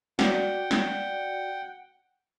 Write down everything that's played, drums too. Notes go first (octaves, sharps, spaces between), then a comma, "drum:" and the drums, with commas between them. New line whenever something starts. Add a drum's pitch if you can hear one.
F#4 D5 F#5 G5, drum: snare
drum: snare